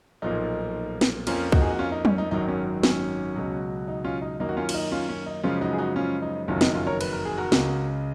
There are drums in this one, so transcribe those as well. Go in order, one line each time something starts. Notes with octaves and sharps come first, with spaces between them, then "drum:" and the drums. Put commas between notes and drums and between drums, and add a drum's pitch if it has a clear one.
B1 A#2 F3 A#3 D#4
drum: snare
F2 F3 A#3 C#4 F4, drum: cymbal
D#4 F#4, drum: kick C2
G#4
F#4
C#4 F4
D#4
C#4, drum: tom F#3
D#4
G#1 F#2 D#3 F#3 D#4
C#4
C#4, drum: snare
C#2 B2 F#3
D#4
C#4 F4
D#4
F#2 D#3 A#3 D#4
F#4
C#4 F4
F4, drum: cymbal
D#4
C#4 F4
C#4
D#4
F#2 C#3 F3 G#3 C#4 F4
D#4 F#4
G#4
D#4 F#4
C#4 F4
D#4
F#1 F2 D#3 F#3 C#4 F4
D#4, drum: snare
C#4 F4
A#4 C#5
B4, drum: cymbal
A#4
G#4
F#4 A#4
C#2 C#3 G#3, drum: snare